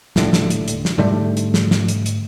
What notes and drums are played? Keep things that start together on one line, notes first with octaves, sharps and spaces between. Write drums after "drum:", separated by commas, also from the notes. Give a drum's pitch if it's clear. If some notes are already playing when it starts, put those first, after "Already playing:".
D#1 A2 D3, drum: snare
drum: snare
drum: hi-hat
drum: hi-hat
drum: snare
G#2 D3 G3 A3
drum: hi-hat
drum: snare
drum: snare
drum: hi-hat
drum: hi-hat